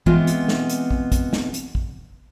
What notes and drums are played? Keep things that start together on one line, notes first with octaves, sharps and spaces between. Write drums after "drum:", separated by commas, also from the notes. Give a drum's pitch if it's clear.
E3 G#3 B3 C4 F4, drum: kick
drum: hi-hat
drum: snare
drum: hi-hat
drum: kick
drum: kick, hi-hat
drum: snare
drum: hi-hat
drum: kick